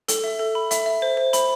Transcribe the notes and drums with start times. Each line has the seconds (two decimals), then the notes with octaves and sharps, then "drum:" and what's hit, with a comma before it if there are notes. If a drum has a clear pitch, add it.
0.08 A4, drum: hi-hat
0.24 E5
0.39 A4
0.55 B5
0.71 E5, drum: hi-hat
0.86 E5
1.02 C5
1.17 C5
1.33 B5, drum: hi-hat